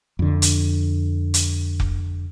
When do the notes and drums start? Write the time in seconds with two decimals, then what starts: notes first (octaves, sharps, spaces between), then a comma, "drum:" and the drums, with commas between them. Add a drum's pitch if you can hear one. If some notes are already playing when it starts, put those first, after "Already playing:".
0.19 F2 D3
0.42 drum: hi-hat
1.34 drum: hi-hat
1.80 drum: kick F1